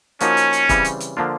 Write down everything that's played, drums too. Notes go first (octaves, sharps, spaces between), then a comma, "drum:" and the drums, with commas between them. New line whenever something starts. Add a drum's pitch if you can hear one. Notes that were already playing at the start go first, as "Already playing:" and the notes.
F3 A#3 C#4 D#4 F#4 A#4, drum: hi-hat
drum: hi-hat
drum: hi-hat
C#3 E3 G3 C4, drum: kick, hi-hat
drum: hi-hat
drum: hi-hat
D3 F3 A#3 D4 F4